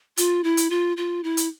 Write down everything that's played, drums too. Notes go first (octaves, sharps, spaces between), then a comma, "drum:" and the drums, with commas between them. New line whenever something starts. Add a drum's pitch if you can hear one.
F4, drum: hi-hat
E4
drum: hi-hat
F4
F4
E4
drum: hi-hat